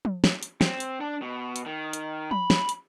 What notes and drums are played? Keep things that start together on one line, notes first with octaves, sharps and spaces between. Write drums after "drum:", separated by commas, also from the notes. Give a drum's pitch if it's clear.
drum: tom F3
drum: snare
drum: hi-hat
C4, drum: snare
drum: hi-hat
D4
B2
drum: hi-hat
D#3
drum: hi-hat
B5, drum: tom F3
drum: snare
drum: hi-hat